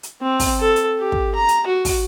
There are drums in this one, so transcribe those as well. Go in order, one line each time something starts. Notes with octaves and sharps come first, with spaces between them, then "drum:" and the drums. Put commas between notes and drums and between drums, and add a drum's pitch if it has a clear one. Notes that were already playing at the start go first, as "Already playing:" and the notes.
drum: hi-hat
C4
drum: kick, open hi-hat
A4
drum: hi-hat
G4
drum: kick
A#5
drum: hi-hat
F#4
drum: kick, open hi-hat